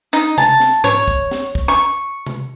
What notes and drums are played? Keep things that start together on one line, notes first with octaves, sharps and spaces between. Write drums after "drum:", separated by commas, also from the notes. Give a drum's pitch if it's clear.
D#4
A5, drum: tom C3
drum: snare
C#5, drum: tom G#2
drum: kick
drum: snare
drum: kick
C#6
drum: tom C3